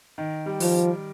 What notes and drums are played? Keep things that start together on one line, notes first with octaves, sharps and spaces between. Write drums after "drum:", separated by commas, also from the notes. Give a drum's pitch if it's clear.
D#3
G3
F3, drum: open hi-hat
G3